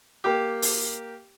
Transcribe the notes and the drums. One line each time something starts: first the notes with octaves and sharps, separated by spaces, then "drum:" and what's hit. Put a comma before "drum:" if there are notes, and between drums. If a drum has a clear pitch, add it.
A#3 G4
drum: open hi-hat